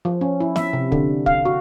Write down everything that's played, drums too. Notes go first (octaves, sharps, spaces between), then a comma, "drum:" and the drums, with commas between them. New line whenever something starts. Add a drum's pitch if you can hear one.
F3
C#4
E4
E5, drum: snare
C3
D3, drum: kick
F5, drum: kick
F#4